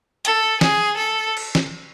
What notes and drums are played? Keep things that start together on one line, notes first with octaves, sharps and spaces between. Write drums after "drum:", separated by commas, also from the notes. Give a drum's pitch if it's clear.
A4, drum: hi-hat
G#4, drum: snare
A4
drum: cymbal
drum: snare